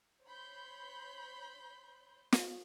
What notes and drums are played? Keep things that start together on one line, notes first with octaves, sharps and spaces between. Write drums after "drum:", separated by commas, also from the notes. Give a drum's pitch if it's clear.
C5 C#5 B5 C6 G6
drum: snare